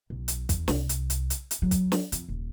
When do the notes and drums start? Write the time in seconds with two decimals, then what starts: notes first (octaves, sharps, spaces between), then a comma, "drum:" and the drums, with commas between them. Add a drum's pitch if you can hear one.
0.10 B1
0.28 drum: hi-hat
0.49 E2, drum: kick, hi-hat
0.68 C2, drum: snare
0.89 drum: hi-hat
1.10 drum: hi-hat
1.30 drum: hi-hat
1.51 drum: hi-hat
1.62 F#3
1.71 drum: kick, hi-hat
1.92 drum: snare
2.12 F2, drum: hi-hat
2.29 D#1